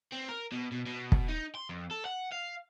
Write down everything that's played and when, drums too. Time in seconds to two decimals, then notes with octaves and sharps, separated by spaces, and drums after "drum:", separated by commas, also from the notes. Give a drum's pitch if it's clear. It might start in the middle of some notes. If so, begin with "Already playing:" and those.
0.12 C4
0.29 A#4
0.52 B2
0.72 B2
0.86 B2
1.12 drum: kick
1.28 D#4
1.55 C6
1.69 F2
1.91 A4
2.05 F#5
2.32 F5